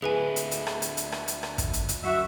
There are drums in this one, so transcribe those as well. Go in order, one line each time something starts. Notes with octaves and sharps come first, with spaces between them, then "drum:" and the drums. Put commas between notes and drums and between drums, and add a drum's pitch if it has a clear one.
D2 E4 G#4 B4 G#5
drum: hi-hat
drum: hi-hat
drum: rim click
drum: hi-hat
drum: hi-hat
drum: rim click
drum: hi-hat
drum: rim click
drum: kick, hi-hat
drum: hi-hat
drum: hi-hat
F#2 F#4 E5